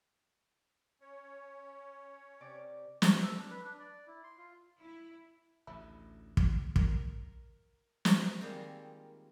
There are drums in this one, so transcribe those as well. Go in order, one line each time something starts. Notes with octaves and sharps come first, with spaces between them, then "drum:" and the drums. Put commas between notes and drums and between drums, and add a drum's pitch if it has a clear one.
C#4 C#5
C3 D5 D6
C#6, drum: snare
A4
D4
B4
D4
D5
E4
C6
F4
E4
A1 D2 D3 E4
drum: kick
A#4, drum: kick
drum: snare
D#3 G3 G#3 A#3 C4 F4